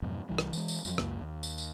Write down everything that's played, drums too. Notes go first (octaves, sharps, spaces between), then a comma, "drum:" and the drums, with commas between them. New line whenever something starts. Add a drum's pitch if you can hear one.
F2 G#2 B2 F#3
C2 E3 G3
drum: rim click
E3 F#3 G#3, drum: tambourine
drum: tambourine
F2 F3 F#3, drum: tambourine
C#2 F#2 A#3, drum: rim click
D#2
drum: tambourine
drum: tambourine